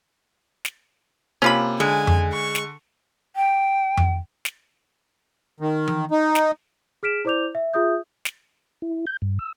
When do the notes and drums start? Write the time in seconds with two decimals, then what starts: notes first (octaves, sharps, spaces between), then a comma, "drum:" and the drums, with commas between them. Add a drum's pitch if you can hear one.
0.65 drum: snare
1.42 C3 A#3 C#4 F4 B5
1.80 D3 G#3 G#5
2.07 drum: tom F2
2.33 C#6
2.55 drum: snare
3.36 G5
3.97 drum: tom F2
4.45 drum: snare
5.60 D#3
5.88 drum: tom E3
6.11 D#4
6.35 drum: snare
7.03 G#4 F6 B6 D7 E7
7.25 E4 C5 D5 D6 G6 F7
7.55 E5
7.74 F4 G#4 E5 D#6 G6
8.25 drum: snare
8.82 E4
9.07 G6
9.22 G2
9.39 E6